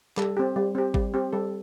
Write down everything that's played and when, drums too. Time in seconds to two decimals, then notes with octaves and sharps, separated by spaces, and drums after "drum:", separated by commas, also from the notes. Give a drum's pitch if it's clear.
0.17 G3 A4, drum: clap
0.37 C4 G4
0.56 G3
0.75 C4 G4
0.94 G3, drum: kick G#1
1.14 C4 G4
1.33 G3 A4